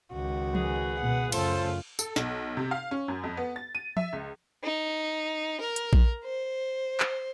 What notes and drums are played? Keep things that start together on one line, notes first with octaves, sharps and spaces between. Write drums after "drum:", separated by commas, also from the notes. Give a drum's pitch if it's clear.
C#2 D#3 F#4
G#4 B4, drum: tom F3
B2 F#5
F#2 C#3 A3 F4 A4 C5, drum: cymbal
A4, drum: tambourine
B1, drum: snare
C3
F5
C#4
F#2
F2
B3
A6
D#7
E5, drum: tom F3
C#2
D#4
A#4
drum: hi-hat
drum: kick A#1
C5
drum: clap